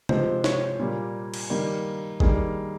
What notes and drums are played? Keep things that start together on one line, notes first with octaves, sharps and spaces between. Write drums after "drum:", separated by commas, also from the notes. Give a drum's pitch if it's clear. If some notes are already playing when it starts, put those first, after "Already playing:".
C3 F3 G#3 C5, drum: tom C3
C#5, drum: snare E4
A#2 G3 A#3
drum: cymbal
D#3 G3 A#3
D#3 G3 A#3 G#4, drum: kick